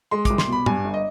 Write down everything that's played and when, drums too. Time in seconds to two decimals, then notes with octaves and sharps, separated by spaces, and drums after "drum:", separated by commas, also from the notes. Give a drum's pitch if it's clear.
0.11 G#3 C6
0.25 C2 D6, drum: kick, hi-hat
0.38 C6, drum: snare
0.48 B2 B5
0.66 G2 G#5, drum: tom
0.85 G1
0.94 D#5